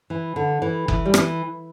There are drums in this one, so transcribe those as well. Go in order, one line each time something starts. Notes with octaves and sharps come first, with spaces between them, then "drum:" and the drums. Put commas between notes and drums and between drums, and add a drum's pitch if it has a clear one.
E3
D3
E3
E3, drum: kick F#1
G3
E3, drum: rim click